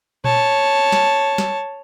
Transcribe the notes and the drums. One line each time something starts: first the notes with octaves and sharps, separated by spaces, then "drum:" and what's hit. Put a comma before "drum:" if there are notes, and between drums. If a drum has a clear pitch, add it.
C#5 A5, drum: tom A#2
drum: snare
drum: snare